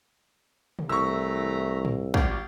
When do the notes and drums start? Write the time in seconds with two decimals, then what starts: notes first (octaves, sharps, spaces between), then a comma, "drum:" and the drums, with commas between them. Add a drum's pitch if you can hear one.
0.79 drum: tom
0.89 C2 E3 A3 A#5 C#6 E6
1.85 drum: tom
2.14 G#1 F4 G4, drum: kick